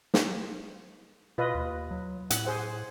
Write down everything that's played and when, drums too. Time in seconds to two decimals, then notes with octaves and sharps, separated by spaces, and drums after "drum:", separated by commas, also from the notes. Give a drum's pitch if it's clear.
0.14 drum: snare
1.38 B2 F4 B4 D#5
1.55 D#2
1.91 F#3
2.30 A2 F#5, drum: hi-hat
2.45 G#4 C5 F#5